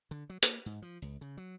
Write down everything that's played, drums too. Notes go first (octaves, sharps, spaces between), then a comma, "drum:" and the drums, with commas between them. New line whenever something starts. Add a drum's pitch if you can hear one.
D3
F#3
A#3, drum: hi-hat
G#2
F3
C#2
C#3
F#3